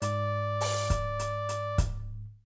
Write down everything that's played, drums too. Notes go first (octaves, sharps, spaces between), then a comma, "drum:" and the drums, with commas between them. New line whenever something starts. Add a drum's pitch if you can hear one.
G#2 D5, drum: hi-hat
drum: open hi-hat
drum: kick, hi-hat
drum: hi-hat
drum: hi-hat
drum: kick, hi-hat